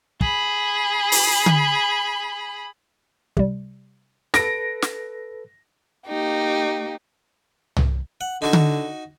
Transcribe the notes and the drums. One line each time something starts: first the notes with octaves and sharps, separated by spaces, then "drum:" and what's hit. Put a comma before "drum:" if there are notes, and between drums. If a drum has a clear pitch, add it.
G#4 B5, drum: kick
drum: open hi-hat
drum: tom D3
C3 G3, drum: kick
A4 B4 A#6 D7, drum: snare
drum: snare
A#3 D#4 G4
drum: tom C2
F#5
D3 D#4 F#4 C#6
drum: tom D3